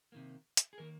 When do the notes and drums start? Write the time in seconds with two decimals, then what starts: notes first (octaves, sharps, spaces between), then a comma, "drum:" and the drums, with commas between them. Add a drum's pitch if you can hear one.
0.12 C3 D#3 A#3
0.57 drum: hi-hat
0.73 G#4
0.78 D#3 A#3 A#4